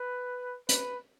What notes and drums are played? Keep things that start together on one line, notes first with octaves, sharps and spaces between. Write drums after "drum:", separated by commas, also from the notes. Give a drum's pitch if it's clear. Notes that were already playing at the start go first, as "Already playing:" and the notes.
Already playing: B4
B4, drum: hi-hat